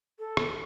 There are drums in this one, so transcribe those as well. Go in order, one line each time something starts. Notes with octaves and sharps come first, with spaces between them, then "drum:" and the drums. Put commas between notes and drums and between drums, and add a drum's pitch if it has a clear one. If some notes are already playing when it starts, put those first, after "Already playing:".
A4
drum: rim click